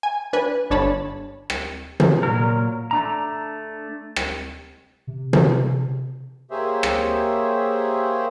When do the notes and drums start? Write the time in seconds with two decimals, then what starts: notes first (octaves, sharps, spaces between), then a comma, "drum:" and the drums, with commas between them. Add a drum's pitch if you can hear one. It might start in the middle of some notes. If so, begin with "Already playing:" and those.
0.03 G#5
0.33 D4 B4 G#5
0.70 G1 D4 C#5 A5 B5
1.50 drum: rim click
2.00 drum: tom
2.23 A#2 F#3 A#4
2.91 A3 D4 A#5
4.16 drum: rim click
5.07 C3
5.33 drum: tom
6.51 A#3 G4 G#4 C5 C#5 E5
6.83 drum: rim click